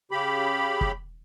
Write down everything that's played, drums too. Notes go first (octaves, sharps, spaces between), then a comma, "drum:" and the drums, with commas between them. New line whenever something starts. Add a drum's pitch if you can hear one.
C#3 G4 B5
drum: kick